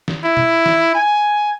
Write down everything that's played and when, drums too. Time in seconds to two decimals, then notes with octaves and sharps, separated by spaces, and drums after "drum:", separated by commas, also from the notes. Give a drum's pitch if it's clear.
0.08 drum: snare
0.24 E4
0.37 drum: tom
0.66 drum: snare
0.95 G#5